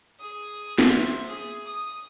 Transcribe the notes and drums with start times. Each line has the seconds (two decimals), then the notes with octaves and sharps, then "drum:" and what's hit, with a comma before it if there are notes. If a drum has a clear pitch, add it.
0.19 G#4 D#6
0.79 C5 E5, drum: snare
1.26 G#4
1.65 D#6